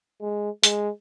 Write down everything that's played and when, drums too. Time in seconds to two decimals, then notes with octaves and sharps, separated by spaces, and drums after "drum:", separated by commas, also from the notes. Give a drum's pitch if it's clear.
0.21 G#3
0.63 G#3, drum: hi-hat